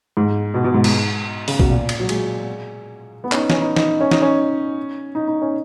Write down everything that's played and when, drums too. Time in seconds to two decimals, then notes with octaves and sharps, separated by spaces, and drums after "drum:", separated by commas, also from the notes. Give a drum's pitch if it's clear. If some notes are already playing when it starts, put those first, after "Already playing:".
0.17 G#2
0.54 B2
0.64 B2
0.74 G#2
0.84 G#2, drum: cymbal
1.48 C#3, drum: open hi-hat
1.59 B2, drum: kick
1.70 A#2
1.89 drum: cymbal
2.00 F#3
2.09 G#3, drum: cymbal
3.24 B3
3.32 C#4, drum: clap
3.36 D#4
3.50 C#4, drum: snare
3.61 D#4
3.76 D#4, drum: snare
4.01 C#4
4.11 D#4, drum: snare
4.22 C#4
5.15 D#4
5.28 D#4
5.42 C#4